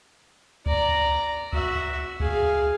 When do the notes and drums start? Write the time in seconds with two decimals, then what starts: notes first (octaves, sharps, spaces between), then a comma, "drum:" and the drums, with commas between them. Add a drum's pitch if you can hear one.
0.66 D5 A#5, drum: kick C#2
1.53 F#4 E5, drum: kick C#2
2.20 G#4 F5, drum: kick C#2